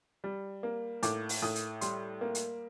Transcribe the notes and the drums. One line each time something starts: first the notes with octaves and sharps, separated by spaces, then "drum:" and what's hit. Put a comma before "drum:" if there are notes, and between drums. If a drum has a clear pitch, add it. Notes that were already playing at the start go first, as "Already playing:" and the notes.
G3
A#3
A2 D6, drum: hi-hat
drum: open hi-hat
A2 D#6
drum: hi-hat
G3 C6, drum: hi-hat
A#3
drum: hi-hat